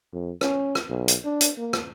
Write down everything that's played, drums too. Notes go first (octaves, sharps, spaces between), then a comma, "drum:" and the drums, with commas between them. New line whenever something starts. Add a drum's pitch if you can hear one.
F2
C#4, drum: rim click
drum: rim click
B1
drum: hi-hat
D4
drum: hi-hat
A#3
drum: rim click